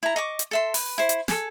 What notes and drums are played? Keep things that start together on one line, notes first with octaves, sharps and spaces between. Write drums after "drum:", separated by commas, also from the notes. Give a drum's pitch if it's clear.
E4 A#5
D#5 C#6 D6
drum: hi-hat
A4 E5 C6
B4, drum: open hi-hat
E4 C5
drum: hi-hat
G#4 A4, drum: snare